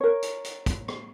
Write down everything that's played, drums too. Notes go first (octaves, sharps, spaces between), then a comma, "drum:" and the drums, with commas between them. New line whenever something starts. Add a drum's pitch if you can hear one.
A#4 C#5
drum: hi-hat
drum: hi-hat
drum: kick, hi-hat
drum: rim click